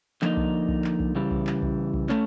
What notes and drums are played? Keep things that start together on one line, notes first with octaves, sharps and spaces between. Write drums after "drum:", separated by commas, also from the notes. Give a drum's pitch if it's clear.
D3 F3 A#3 D#4, drum: clap
drum: kick B1
drum: kick B1
drum: clap
drum: kick B1
C#3 E3 G3
drum: kick B1
drum: clap
drum: kick B1
drum: kick B1
A3 C#4, drum: clap